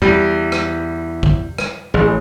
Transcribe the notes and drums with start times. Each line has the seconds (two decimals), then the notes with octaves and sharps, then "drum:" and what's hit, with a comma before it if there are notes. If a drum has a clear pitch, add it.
0.02 E2 G3
0.52 drum: rim click
1.23 drum: kick
1.58 drum: rim click
1.94 A1 G#4